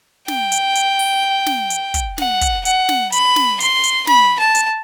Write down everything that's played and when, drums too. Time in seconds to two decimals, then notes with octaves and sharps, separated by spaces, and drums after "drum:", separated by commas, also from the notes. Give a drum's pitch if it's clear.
0.28 G5, drum: snare
0.52 drum: hi-hat
0.75 drum: hi-hat
0.99 drum: open hi-hat
1.46 drum: snare
1.70 drum: hi-hat
1.94 drum: kick, hi-hat
2.18 F#5, drum: snare
2.41 drum: kick, hi-hat
2.65 F#5, drum: hi-hat
2.89 drum: snare
3.12 B5, drum: hi-hat
3.36 drum: snare
3.60 C6, drum: hi-hat
3.84 drum: hi-hat
4.07 B5, drum: snare
4.39 A5
4.55 drum: hi-hat